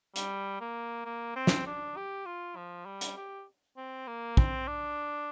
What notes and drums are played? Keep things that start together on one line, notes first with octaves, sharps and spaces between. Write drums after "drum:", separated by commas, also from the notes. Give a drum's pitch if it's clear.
G3, drum: hi-hat
A#3
A#3
C4
drum: snare
D4
G4
F4
F3
G3
drum: hi-hat
G4
C4
A#3
C4, drum: kick
D4